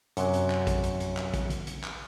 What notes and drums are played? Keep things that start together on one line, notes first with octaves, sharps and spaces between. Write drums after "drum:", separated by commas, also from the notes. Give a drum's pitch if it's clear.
F#2 C3 F#3, drum: hi-hat
drum: hi-hat
drum: clap
drum: kick A#1, hi-hat
drum: hi-hat
drum: hi-hat
drum: clap
drum: kick A#1, hi-hat
drum: hi-hat
drum: hi-hat
drum: clap